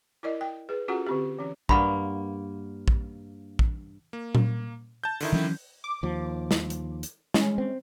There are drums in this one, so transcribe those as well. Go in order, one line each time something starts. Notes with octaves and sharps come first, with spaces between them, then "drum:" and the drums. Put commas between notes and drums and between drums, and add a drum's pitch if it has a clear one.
E4 A#4 D5 D#5
G5
G#4 B4
C#4 F4 F#4 G#4 A4 F#5
D3 C4 G4
E3 C#4
G2 A#3 F#5 B5 C6, drum: kick
drum: kick
drum: kick
A#3
drum: tom A#2
A5 G6
D3 D#3 E4, drum: open hi-hat
E3 F#3 C#4
D6
D#2 F3
drum: snare
drum: hi-hat
drum: hi-hat
G#3 C#4, drum: snare
C4